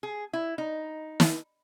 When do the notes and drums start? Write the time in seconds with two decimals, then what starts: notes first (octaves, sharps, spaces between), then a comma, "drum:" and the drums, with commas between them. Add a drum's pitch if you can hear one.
0.03 G#4
0.33 E4
0.58 D#4
1.20 drum: snare